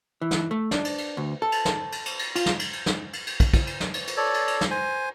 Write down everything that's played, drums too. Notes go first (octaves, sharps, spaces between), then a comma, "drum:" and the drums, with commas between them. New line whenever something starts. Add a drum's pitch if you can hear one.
E3
drum: snare
A3
D4, drum: snare
drum: cymbal
drum: cymbal
D2
A4
drum: cymbal
drum: snare
drum: cymbal
drum: cymbal
drum: cymbal
F4, drum: cymbal
drum: snare
drum: cymbal
drum: cymbal
drum: snare
drum: cymbal
drum: cymbal
drum: kick, cymbal
drum: kick, cymbal
drum: cymbal
drum: snare
drum: cymbal
drum: cymbal
A4 C#5 D5
drum: cymbal
drum: cymbal
drum: snare
C5 G#5